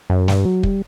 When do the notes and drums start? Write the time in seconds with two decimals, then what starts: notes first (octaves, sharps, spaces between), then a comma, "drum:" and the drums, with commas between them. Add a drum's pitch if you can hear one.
0.10 F#2
0.28 G2, drum: snare
0.45 F#3
0.63 G3, drum: kick